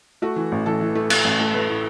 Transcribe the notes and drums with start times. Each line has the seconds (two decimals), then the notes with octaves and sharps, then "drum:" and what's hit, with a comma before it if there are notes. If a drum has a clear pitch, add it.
0.22 A3 F#4
0.36 E3
0.52 A1
0.66 E3 A4
0.81 E3
0.95 A3
1.10 A3, drum: cymbal
1.25 A1
1.40 A3
1.54 A3 B4
1.69 A2